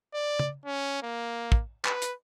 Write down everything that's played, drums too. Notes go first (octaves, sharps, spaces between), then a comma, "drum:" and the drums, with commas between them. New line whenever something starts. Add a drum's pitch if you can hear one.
D5
drum: tom
C#4
A#3
drum: kick
B4, drum: clap
drum: hi-hat